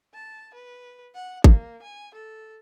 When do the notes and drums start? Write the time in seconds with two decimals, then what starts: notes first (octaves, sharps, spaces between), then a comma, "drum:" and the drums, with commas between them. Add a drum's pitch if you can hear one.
0.14 A5
0.54 B4
1.14 F#5
1.44 A#3, drum: kick G#1
1.82 G#5
2.15 A4